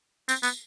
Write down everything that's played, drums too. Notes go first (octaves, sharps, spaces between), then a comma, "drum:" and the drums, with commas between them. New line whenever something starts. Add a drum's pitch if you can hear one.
C4, drum: tambourine
B3, drum: tambourine